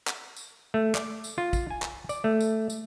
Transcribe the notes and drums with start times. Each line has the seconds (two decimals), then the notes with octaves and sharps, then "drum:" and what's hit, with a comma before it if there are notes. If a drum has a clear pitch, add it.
0.07 drum: clap
0.37 drum: tambourine
0.74 A3
0.95 D5, drum: clap
1.24 drum: tambourine
1.38 F4
1.53 drum: kick, tambourine
1.71 G#5
1.82 drum: clap
2.09 D5, drum: tambourine
2.24 A3
2.40 drum: tambourine
2.70 drum: tambourine